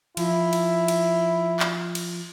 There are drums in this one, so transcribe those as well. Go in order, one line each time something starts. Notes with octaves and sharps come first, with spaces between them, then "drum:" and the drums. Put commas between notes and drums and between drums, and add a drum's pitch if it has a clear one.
F3 E4, drum: cymbal
drum: cymbal
drum: cymbal
drum: clap
drum: cymbal